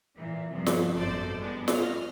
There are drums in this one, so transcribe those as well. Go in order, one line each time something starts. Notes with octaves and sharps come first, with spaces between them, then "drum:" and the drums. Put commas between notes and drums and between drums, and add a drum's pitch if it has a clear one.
A#2 E3
G2 C3 F3
drum: snare
G#1 F#2 B2 A4 C5 D5
F3 G3 G#3 B3 D4
D#5 F6, drum: snare